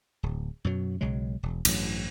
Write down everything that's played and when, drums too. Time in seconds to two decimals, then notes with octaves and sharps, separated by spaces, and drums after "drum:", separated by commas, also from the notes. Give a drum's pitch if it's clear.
0.23 D1
0.65 F#2 B2 F#3
1.01 B1 C#3 F#3 G#3
1.43 E1
1.65 A1 G2 F#3, drum: cymbal